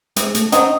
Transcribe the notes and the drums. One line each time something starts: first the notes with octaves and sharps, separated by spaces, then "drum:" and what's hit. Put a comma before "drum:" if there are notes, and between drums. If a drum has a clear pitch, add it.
C3 G#3, drum: hi-hat
A3, drum: hi-hat
F#3 C4 C#4 D#4, drum: hi-hat